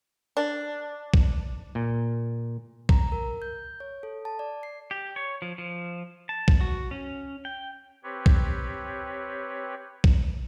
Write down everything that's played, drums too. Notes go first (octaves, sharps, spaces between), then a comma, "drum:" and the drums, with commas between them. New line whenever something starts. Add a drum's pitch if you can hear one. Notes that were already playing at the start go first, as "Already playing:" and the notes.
D4
drum: kick
A#2
A#5, drum: kick
A#4
G6
C#5
A4
A5
D5
C7
G4
C#5
F3
F3
A5
drum: kick
F#4
C#4
G5
C4 G4 B4 C#5
drum: kick
drum: kick